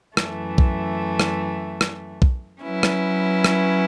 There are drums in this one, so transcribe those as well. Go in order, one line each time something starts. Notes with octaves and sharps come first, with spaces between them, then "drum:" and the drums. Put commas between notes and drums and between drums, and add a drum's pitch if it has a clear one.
F#2 E3 A3, drum: rim click
drum: kick B1
drum: rim click
drum: rim click
drum: kick B1
F#3 C#4 E4 B4
drum: rim click
drum: rim click